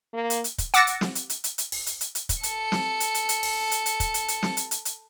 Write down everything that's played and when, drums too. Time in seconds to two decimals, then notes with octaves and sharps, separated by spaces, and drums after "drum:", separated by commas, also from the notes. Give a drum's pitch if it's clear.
0.14 A#3
0.30 drum: hi-hat
0.44 drum: hi-hat
0.58 drum: kick, hi-hat
0.74 F#5 D6 E6 A6 A#6 C#7, drum: hi-hat
0.87 drum: hi-hat
1.01 drum: snare
1.15 drum: hi-hat
1.30 drum: hi-hat
1.44 drum: hi-hat
1.58 drum: hi-hat
1.72 drum: open hi-hat
1.86 drum: hi-hat
2.01 drum: hi-hat
2.15 drum: hi-hat
2.29 drum: kick, hi-hat
2.43 A4 C#7, drum: hi-hat
2.72 drum: snare
3.00 drum: hi-hat
3.15 drum: hi-hat
3.29 drum: hi-hat
3.43 drum: open hi-hat
3.71 drum: hi-hat
3.86 drum: hi-hat
4.00 drum: kick, hi-hat
4.14 drum: hi-hat
4.28 drum: hi-hat
4.43 drum: snare
4.57 drum: hi-hat
4.71 drum: hi-hat
4.85 drum: hi-hat